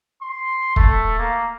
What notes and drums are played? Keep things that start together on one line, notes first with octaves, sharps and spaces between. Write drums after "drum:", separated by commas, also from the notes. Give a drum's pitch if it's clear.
C6
A3, drum: kick
A#3